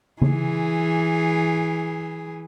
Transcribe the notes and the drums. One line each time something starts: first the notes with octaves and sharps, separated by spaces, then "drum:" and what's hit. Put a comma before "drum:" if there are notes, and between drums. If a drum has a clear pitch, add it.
E3 G#4, drum: tom C#3